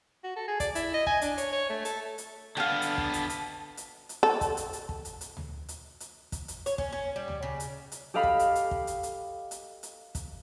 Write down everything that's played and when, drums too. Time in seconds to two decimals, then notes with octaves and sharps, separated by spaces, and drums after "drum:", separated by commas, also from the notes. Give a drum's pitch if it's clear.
0.24 F#4
0.36 A4
0.48 G#4
0.60 D5, drum: kick, hi-hat
0.75 E4, drum: hi-hat
0.94 D#5
1.06 G#5, drum: kick
1.21 D4, drum: hi-hat
1.38 C#5, drum: hi-hat
1.53 C#5
1.69 A3
1.85 A4, drum: hi-hat
2.18 drum: hi-hat
2.57 D3 B3 F5 G5 A5
2.82 drum: hi-hat
2.98 drum: kick
3.14 drum: hi-hat
3.30 drum: hi-hat
3.77 drum: hi-hat
4.09 drum: hi-hat
4.23 A4
4.41 drum: kick, hi-hat
4.57 drum: hi-hat
4.73 drum: hi-hat
4.89 drum: kick
5.05 drum: hi-hat
5.21 drum: hi-hat
5.37 drum: tom D2
5.69 drum: hi-hat
6.00 drum: hi-hat
6.32 drum: kick, hi-hat
6.48 drum: hi-hat
6.66 C#5, drum: hi-hat
6.78 C#4, drum: kick
6.92 C#4
7.16 G3
7.28 drum: tom D2
7.43 C#3
7.60 drum: hi-hat
7.92 drum: hi-hat
8.14 G4 A4 D#5 F5 B5
8.23 drum: kick
8.39 drum: hi-hat
8.55 drum: hi-hat
8.71 drum: kick
8.87 drum: hi-hat
9.03 drum: hi-hat
9.51 drum: hi-hat
9.83 drum: hi-hat
10.15 drum: kick, hi-hat